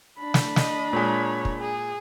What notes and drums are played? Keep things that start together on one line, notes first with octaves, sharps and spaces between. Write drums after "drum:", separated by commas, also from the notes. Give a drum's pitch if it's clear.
D4 B5
drum: snare
D#5, drum: snare
A#2 G#3 C#5
drum: kick
G#4